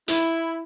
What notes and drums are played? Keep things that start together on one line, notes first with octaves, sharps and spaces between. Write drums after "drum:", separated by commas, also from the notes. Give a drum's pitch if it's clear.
E4, drum: hi-hat